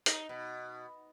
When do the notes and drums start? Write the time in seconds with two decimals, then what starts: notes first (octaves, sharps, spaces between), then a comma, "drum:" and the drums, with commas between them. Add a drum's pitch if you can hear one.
0.06 D#4, drum: hi-hat
0.29 B2